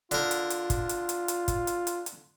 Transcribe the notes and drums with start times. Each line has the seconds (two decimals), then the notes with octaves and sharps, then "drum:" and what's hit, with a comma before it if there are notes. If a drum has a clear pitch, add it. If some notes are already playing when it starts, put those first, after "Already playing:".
0.11 D3 F4 A#4, drum: hi-hat
0.31 drum: hi-hat
0.50 drum: hi-hat
0.70 drum: kick, hi-hat
0.89 drum: hi-hat
1.09 drum: hi-hat
1.28 drum: hi-hat
1.48 drum: kick, hi-hat
1.67 drum: hi-hat
1.87 drum: hi-hat
2.06 drum: hi-hat